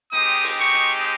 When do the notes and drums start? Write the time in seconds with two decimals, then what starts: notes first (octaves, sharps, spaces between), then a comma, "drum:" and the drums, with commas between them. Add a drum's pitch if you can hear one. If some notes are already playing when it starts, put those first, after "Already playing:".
0.13 G#3 C4 D#4 G4 D#6, drum: hi-hat
0.44 drum: open hi-hat
0.60 C#6
0.75 drum: hi-hat